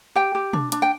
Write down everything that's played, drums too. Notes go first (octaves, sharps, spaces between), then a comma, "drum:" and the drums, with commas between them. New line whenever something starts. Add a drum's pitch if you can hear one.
G4 G5
G4
D4, drum: tom
D4, drum: hi-hat
G5